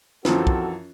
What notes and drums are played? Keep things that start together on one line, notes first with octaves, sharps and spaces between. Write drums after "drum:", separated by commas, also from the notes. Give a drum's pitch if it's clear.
F#2 E3 F3 C4 C#4 F4 F#4 A4, drum: snare
drum: kick